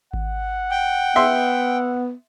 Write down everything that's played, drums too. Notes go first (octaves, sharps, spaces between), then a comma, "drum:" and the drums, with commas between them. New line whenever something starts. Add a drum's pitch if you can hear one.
F#5, drum: kick G#1
G5
B3 E5 C6